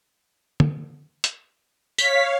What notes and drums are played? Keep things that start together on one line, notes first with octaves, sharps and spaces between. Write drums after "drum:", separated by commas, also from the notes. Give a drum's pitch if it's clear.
drum: tom
drum: hi-hat
C#5 F5 B6, drum: tambourine